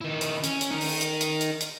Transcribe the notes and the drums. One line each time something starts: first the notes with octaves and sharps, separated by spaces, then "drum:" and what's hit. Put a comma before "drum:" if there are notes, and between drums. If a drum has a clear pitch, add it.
D#3 E4
drum: hi-hat
C#4, drum: hi-hat
drum: hi-hat
D#4 A#4
drum: open hi-hat
drum: hi-hat
drum: hi-hat
drum: hi-hat
drum: hi-hat